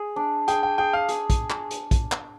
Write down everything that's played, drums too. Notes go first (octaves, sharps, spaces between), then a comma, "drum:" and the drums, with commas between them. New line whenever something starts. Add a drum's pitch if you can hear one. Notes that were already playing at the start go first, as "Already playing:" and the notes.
Already playing: G#4
D4
G#4 G5, drum: hi-hat
G5
G#4 G5
F5
G#4, drum: hi-hat
drum: kick, hi-hat
drum: clap
drum: hi-hat
drum: kick, hi-hat
drum: clap